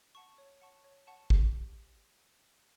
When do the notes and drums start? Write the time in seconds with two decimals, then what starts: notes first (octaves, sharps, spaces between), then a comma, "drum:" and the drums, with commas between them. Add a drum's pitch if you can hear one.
0.15 F#5 A5 C#6
0.38 C#5
0.62 F#5 A5 C#6
0.84 C#5
1.07 F#5 A5 C#6
1.30 G4, drum: kick